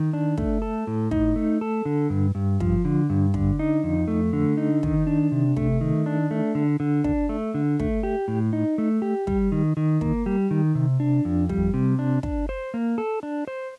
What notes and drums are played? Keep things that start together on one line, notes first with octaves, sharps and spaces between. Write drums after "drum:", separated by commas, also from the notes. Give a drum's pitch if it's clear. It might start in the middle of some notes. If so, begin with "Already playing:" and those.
Already playing: D#3
D4
A3, drum: kick
A4
A2
D#4, drum: kick
A3
A4
D3
G2
G2
F3, drum: kick
D3
G2
D3, drum: kick
D#4
F2
A3
D3
D#4
D#3, drum: kick
D4
C3
A3, drum: kick
D#3
D4
A3
D3
D3
D4, drum: kick
A3
D3
A3, drum: kick
G4
A2
D#4
A3
G4
G3, drum: kick
D#3
D#3
A#3, drum: kick
G3
D#3
C3
D4
F2
G3, drum: kick
C3
D4
D4, drum: kick
C5
A#3
A4
D4
C5